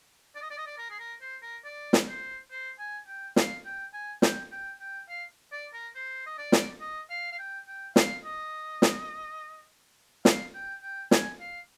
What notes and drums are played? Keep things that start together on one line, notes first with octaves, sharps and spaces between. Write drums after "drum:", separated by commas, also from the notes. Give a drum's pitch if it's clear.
D5
D#5
D5
D#5
D5
A#4
G#4
A#4
C5
A#4
D5
drum: snare
C5
C5
G#5
G5
F5, drum: snare
G5
G#5
G5, drum: snare
G5
G5
F5
D5
A#4
C5
D#5
D5
drum: snare
D#5
F5
F5
G5
G5
F5, drum: snare
D#5
drum: snare
F5, drum: snare
G5
G5
G#5, drum: snare
F5